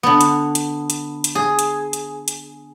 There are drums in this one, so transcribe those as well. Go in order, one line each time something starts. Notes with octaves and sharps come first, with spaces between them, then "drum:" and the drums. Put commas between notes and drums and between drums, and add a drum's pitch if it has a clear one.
D3 B3
drum: hi-hat
drum: hi-hat
drum: hi-hat
drum: hi-hat
G#4
drum: hi-hat
drum: hi-hat
drum: hi-hat